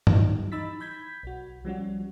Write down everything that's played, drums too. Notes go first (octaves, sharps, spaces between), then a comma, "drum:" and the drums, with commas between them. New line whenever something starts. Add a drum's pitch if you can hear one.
F#3 G3 D#4 F4 G4, drum: tom G2
E3 D#4 B5 E6 A6 B6
B5 G6 G#6 B6
B1 F#4
F3 G3 C#4 F#4